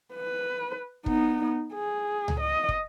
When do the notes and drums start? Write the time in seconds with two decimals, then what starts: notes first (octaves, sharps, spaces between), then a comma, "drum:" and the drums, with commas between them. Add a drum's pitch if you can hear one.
0.14 B4
1.06 B3 D#4, drum: kick
1.73 G#4
2.28 drum: tom C#2
2.41 D#5
2.69 drum: kick